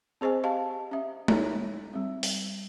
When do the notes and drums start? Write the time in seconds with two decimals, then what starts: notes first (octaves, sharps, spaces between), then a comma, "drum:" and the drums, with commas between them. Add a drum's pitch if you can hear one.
0.21 C4 G#4 C5 D#5 G#5
0.44 G4 D#5 F5 A5
0.91 C#4 E5
1.28 D#4 A4 C#5 A#5, drum: tom G#3
1.93 G3 C4
2.23 drum: open hi-hat